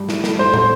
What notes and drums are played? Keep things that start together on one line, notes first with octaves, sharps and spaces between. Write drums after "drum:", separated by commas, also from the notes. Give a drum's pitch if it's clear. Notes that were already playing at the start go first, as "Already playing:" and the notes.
Already playing: G2
A2, drum: snare
A3, drum: snare
G2 C5
A3 C5, drum: tom